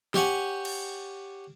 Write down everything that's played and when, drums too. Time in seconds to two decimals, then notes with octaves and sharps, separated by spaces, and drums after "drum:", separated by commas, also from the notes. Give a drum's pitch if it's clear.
0.14 G4 C#5 F#5 G#5, drum: snare
0.65 drum: cymbal